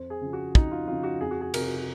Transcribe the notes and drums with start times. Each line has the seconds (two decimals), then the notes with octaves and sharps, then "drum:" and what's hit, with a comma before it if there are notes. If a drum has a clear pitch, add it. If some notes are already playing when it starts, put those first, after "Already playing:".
Already playing: F2 C5
0.10 G#4
0.21 C#3 F3
0.33 F#4
0.55 F2 D#4, drum: kick
0.72 F4
0.87 C#3 F3 F4
1.03 F#4
1.20 F2 G#4
1.31 F#4
1.41 G#4
1.54 C3 F3 A#4, drum: cymbal